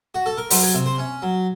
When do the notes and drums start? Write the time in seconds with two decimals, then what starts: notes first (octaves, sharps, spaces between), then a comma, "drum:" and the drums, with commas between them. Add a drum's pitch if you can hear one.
0.15 F#4
0.26 A4
0.38 A#4
0.50 F#3 C5, drum: open hi-hat
0.63 C#5
0.74 C3
0.86 C5
0.98 C#4
1.22 F#3